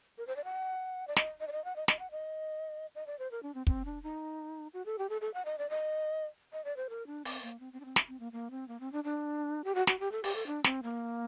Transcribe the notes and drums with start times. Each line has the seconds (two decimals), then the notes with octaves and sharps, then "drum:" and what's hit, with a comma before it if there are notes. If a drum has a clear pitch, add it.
0.18 A#4
0.27 C5
0.36 D5
0.44 F#5
1.08 D5
1.16 D#5, drum: snare
1.40 D#5
1.48 D5
1.52 D#5
1.65 F#5
1.76 D#5
1.88 D#5, drum: snare
1.99 F#5
2.11 D#5
2.95 D#5
3.07 D5
3.19 C5
3.31 A#4
3.43 D4
3.55 C4
3.67 C4, drum: kick
3.85 D4
4.03 D#4
4.74 F#4
4.86 A4
4.99 G4
5.10 A4
5.21 A4
5.34 F#5
5.45 D#5
5.58 D5
5.70 D#5
6.53 D#5
6.65 D5
6.77 C5
6.90 A#4
7.07 D4
7.25 C4, drum: open hi-hat
7.42 A#3
7.60 C4
7.73 C4
7.80 D4
7.85 C4
7.96 drum: snare
8.08 C4
8.20 A#3
8.32 A#3
8.51 C4
8.68 A#3
8.80 C4
8.92 D4
9.04 D4
9.64 G4
9.75 F#4
9.87 F#4, drum: snare
10.00 G4
10.12 A4
10.24 G4, drum: open hi-hat
10.35 A4
10.47 D4
10.64 C4, drum: snare
10.83 A#3